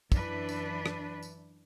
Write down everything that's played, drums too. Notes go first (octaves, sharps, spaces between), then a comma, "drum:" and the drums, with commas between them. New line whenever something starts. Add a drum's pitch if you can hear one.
F#2 E3 D4 B4, drum: kick, tambourine
drum: tambourine
drum: rim click
drum: tambourine